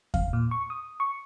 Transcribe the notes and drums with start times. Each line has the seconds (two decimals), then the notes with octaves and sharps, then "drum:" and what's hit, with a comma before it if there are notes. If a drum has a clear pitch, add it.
0.14 F5, drum: kick E2
0.33 A#2
0.51 C#6
0.70 D#6
1.00 C#6